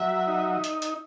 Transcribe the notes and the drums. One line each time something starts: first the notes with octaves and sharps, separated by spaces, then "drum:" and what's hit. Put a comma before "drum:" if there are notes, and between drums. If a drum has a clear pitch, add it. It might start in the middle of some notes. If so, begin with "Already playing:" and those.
Already playing: F#3 E5
D#4
drum: hi-hat
drum: hi-hat